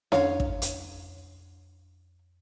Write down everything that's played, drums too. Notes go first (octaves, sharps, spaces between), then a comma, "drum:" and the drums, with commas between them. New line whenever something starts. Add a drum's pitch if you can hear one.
F2 D4 C#5 F5, drum: snare C#4
drum: kick
drum: hi-hat